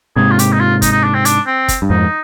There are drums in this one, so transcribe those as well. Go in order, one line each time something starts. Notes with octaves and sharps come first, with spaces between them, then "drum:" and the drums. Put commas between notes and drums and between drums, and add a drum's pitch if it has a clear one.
G#2 C3 G#4
F4
G4, drum: hi-hat
D#4
F4
D#4, drum: kick, hi-hat
D#4
D4
C4
D4, drum: hi-hat
C4
drum: kick, hi-hat
G2
F2 G#2 D#4